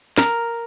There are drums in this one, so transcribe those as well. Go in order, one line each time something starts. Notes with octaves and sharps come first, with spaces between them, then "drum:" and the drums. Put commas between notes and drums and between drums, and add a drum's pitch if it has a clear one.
A#4, drum: snare